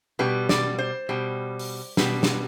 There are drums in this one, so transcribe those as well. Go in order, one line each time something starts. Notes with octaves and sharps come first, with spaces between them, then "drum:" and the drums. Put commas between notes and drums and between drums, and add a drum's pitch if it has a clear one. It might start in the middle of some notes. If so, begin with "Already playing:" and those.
B2 G3 B4
D5, drum: snare
C5
B2 G3
drum: open hi-hat
B2 G3 B4, drum: snare
drum: snare